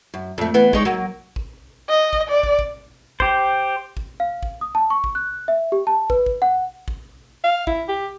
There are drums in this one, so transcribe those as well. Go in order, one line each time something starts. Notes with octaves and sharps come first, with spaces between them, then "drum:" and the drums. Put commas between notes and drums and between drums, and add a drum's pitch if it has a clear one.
F#2
F2 A3
E3 B3
G#3 D#4 C#5, drum: kick
F#3 A#3
drum: kick
D#5
drum: kick
D5
drum: kick
drum: kick
G4 C5, drum: kick
drum: kick
F5
drum: kick
D#6
A5
C#6
drum: kick
F#6
E5
G4
A5
B4, drum: kick
drum: kick
F#5
drum: kick
F5
E4, drum: kick
G4